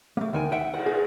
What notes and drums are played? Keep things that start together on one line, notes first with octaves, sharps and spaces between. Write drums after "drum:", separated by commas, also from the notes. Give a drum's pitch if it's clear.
A3 A#3
D2 D#3 G#5
E5 F#5 G5
F#5, drum: cymbal
G#4